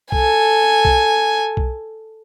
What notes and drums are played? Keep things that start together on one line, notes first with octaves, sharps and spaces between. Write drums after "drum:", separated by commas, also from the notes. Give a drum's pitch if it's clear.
A4 G#5, drum: kick B1
drum: kick B1
drum: kick B1